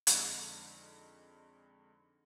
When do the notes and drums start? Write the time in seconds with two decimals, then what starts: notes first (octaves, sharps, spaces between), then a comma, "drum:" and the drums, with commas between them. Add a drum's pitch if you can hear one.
0.07 F2 D3 G#3 D#4, drum: hi-hat